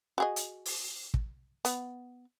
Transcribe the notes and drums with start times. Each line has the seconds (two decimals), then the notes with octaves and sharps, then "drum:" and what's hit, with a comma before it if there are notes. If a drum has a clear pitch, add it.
0.18 F#4 G#4 D#5
0.36 drum: hi-hat
0.65 drum: open hi-hat
1.14 drum: kick
1.65 B3, drum: hi-hat